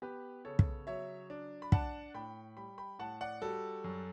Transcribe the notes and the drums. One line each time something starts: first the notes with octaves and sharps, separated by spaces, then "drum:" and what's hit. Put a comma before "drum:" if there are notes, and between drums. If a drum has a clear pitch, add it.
B3 G4 B4
C#3 A4 C#5
drum: kick
F#3 C#5 E5
D4
B5
D4 F#5 A5, drum: kick
A2 G5 B5
G3 G5 B5
G5 B5
A2 F#5 A5
D5 F#5
G3 F#4 A4
F#2